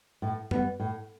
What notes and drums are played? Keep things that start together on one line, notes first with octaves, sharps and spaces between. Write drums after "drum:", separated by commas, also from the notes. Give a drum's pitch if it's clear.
A2
G3 B3, drum: tom F#2
A2